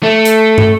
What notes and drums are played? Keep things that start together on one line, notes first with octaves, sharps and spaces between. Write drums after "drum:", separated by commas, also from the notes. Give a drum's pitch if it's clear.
A3
drum: hi-hat
drum: tom